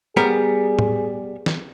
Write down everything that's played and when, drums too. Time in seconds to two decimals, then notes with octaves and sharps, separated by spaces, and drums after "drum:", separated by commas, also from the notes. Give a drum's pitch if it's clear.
0.17 G3 B3 G#4 A#4
0.79 drum: tom
1.46 drum: snare